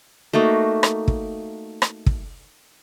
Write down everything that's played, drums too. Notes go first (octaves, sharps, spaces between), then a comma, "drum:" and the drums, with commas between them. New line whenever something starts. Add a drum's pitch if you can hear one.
A3 A#3 D#4 F#4
drum: rim click
drum: kick
drum: rim click
drum: kick